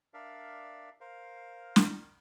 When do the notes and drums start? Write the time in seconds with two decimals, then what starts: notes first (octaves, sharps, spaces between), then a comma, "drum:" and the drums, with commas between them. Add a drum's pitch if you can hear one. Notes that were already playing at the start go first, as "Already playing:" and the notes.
0.14 D4 A#4 D5 E5 F5
1.01 A#4 C5 F5
1.76 drum: snare